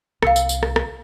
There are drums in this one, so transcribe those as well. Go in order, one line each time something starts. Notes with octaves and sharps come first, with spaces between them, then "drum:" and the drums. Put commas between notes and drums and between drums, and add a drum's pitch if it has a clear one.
C2 F5 E6 C#7, drum: rim click
drum: tambourine
drum: tambourine
drum: rim click
drum: rim click